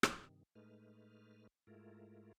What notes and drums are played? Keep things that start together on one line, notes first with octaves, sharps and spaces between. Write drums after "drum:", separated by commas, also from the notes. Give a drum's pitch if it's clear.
G2 C3 D#3, drum: rim click
A2 G#3 A3 D#4 B4 F6
G#2 G#3 A3 E4 F4 A#4